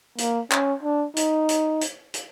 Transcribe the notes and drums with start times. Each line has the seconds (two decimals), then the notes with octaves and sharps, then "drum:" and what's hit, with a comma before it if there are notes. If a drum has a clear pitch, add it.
0.18 A#3, drum: hi-hat
0.52 C#4, drum: clap
0.83 D4
1.16 D#4, drum: hi-hat
1.49 drum: hi-hat
1.81 drum: hi-hat
2.14 drum: hi-hat